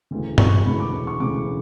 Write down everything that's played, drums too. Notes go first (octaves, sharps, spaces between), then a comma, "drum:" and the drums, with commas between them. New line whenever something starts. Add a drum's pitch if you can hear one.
E1 D2 C#3 E3
C#6, drum: tom G2
E1 D2 C#3 E3 B5
D6
C#6
E1 D2 C#3 E3 D6